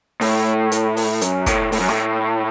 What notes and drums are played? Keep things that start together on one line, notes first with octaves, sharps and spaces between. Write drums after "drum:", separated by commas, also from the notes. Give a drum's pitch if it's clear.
A2, drum: open hi-hat
drum: hi-hat
drum: open hi-hat
F#2, drum: hi-hat
A2, drum: kick, hi-hat
A2, drum: open hi-hat
F#2
A2